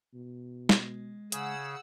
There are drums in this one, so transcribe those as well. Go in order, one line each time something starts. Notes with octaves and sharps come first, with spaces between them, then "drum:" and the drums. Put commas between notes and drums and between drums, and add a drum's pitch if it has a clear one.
B2
G#3, drum: snare
C#3 G#4 F#5 E6, drum: hi-hat